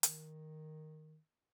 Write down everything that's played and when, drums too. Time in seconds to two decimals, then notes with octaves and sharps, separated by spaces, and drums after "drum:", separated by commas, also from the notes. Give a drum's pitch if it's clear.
0.03 D#3, drum: hi-hat